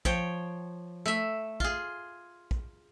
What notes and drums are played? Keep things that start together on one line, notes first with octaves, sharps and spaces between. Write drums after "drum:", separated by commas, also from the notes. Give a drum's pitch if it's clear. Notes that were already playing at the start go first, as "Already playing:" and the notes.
F3 C#5 G5, drum: kick
A3 E5
F4 G#4, drum: kick
drum: kick